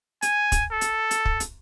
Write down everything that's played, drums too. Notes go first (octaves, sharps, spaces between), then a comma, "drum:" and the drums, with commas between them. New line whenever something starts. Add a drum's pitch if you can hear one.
G#5, drum: hi-hat
drum: kick, hi-hat
A4
drum: hi-hat
drum: hi-hat
drum: kick
drum: hi-hat